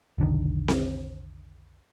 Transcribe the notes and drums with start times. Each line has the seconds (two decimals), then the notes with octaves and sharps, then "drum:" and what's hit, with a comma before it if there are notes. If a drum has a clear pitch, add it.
0.18 F1 B1 D3 D#3
0.68 drum: snare C4